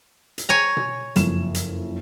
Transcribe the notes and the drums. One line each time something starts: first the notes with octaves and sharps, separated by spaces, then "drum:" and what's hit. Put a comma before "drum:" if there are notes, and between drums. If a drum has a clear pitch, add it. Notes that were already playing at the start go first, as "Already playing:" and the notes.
drum: hi-hat
C#5 G#5 A#5
drum: tom B2
F#1 F2 E7, drum: hi-hat
drum: hi-hat